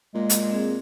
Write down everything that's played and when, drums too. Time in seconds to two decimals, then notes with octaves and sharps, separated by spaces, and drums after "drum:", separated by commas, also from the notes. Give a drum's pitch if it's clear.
0.14 A#2 G#3
0.30 drum: hi-hat
0.51 C4 G#4